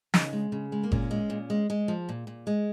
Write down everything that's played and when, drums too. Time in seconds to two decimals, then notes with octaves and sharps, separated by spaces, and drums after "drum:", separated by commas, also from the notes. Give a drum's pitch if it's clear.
0.14 C#3 D#4, drum: snare
0.33 G#3
0.52 C#3
0.72 G#3
0.83 A#3
0.92 A#2 C#4, drum: kick G1
1.11 G#3
1.30 A#2
1.50 G#3
1.70 G#3
1.88 F3
2.09 A#2
2.27 A#2
2.47 G#3